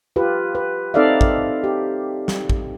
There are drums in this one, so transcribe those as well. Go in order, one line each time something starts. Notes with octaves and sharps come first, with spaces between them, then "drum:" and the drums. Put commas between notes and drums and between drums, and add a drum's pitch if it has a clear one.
F4 G4 B4
B4
C4 D#4 A4 D5 E5 F5
drum: kick
G4
drum: snare
drum: kick